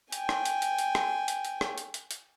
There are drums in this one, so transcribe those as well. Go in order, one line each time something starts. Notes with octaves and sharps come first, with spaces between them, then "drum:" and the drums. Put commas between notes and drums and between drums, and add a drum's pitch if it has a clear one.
G5 G#5, drum: hi-hat
drum: rim click
drum: hi-hat
drum: hi-hat
drum: hi-hat
drum: rim click
drum: hi-hat
drum: hi-hat
drum: rim click
drum: hi-hat
drum: hi-hat
drum: hi-hat